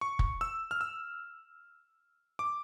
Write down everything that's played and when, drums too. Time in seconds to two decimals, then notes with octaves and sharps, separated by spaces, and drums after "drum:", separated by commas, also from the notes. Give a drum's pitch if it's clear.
0.01 C#6
0.19 drum: kick
0.41 E6
0.71 F6
0.81 E6
2.39 D6